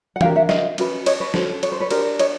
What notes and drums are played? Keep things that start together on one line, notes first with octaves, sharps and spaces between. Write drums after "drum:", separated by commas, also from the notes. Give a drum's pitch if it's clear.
F#5
D4 G4 A#4 F5 G5, drum: tom E3
E5 F#5
D#5 F5, drum: snare
C#4 F#4 B4, drum: cymbal
C#5 D#5, drum: cymbal
B4 C#5
C#4 F#4 A4 C5, drum: snare
C#5, drum: cymbal
C5
B4 C#5
D4 G4 A#4 C5 D5, drum: cymbal
C#5 D#5, drum: cymbal